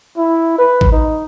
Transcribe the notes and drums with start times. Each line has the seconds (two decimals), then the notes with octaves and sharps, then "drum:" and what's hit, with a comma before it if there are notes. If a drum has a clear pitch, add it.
0.17 E4
0.58 B4
0.81 drum: kick G#1
0.92 D#4